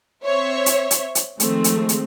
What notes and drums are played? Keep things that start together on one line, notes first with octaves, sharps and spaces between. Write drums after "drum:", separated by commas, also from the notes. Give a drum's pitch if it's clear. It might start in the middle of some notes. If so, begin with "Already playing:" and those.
C4 C5 C#5 E5
drum: hi-hat
drum: hi-hat
drum: hi-hat
D#3 F3 G#3 A3 C4, drum: hi-hat
drum: hi-hat
drum: hi-hat